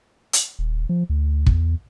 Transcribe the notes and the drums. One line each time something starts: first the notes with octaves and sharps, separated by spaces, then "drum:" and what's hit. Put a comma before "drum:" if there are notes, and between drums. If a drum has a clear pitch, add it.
drum: hi-hat
D#1
F3
D2
E2, drum: kick